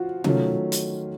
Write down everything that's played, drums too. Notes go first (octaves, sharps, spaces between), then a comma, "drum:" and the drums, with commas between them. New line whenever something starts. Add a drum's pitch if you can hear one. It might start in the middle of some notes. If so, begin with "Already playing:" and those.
Already playing: F3 F4 F#4
D#3 F#3 A3 C#4 F4, drum: tom C3
drum: hi-hat